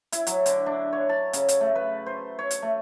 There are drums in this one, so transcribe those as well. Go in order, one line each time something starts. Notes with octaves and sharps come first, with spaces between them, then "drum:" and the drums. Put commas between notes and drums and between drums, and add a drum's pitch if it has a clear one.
E4, drum: hi-hat
F#3, drum: hi-hat
D3, drum: hi-hat
D4
C#5
A5
C#3, drum: hi-hat
drum: hi-hat
A3
B4
C5
C#5
drum: hi-hat
A3